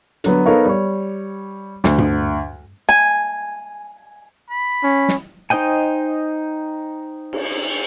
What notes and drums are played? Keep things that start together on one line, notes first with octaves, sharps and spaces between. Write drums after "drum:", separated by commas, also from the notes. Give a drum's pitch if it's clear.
D3 F#3 B3, drum: hi-hat
B3 D#4 A4 A#4 C#5 F5
G3 C#5
D2, drum: snare
drum: tom G2
G#5
B5
C#4
drum: snare
D#4 C5 D#5 G5 G#5
drum: cymbal